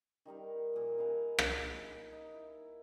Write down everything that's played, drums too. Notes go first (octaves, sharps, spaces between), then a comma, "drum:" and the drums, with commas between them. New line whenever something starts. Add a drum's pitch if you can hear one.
D#3 G3 D#4 A#4
A#2 F3
D#4 B4 F5 G#5
drum: rim click
A#3
D#4
E4